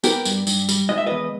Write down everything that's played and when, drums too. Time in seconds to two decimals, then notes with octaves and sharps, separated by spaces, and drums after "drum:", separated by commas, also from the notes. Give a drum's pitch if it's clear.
0.04 B3 G4 A#4, drum: tambourine
0.25 G2, drum: tambourine
0.47 G2, drum: tambourine
0.69 G3, drum: tambourine
0.89 G#3 D#5
0.98 E5
1.06 E2 B4 D#5